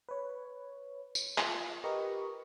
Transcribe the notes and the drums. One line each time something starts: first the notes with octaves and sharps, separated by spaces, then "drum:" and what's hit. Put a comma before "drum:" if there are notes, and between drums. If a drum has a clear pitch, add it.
B4 C#5
drum: tambourine
F4, drum: clap
G4 A#4 B4 D#5 A#5 C#6